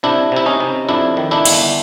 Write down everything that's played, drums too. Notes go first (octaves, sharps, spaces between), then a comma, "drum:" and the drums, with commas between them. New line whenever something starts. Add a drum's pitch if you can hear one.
C3 D4 E4
C3 E4
C#4 D#4
C3
F2 D4 E4
D#3
D4 E4
G1, drum: cymbal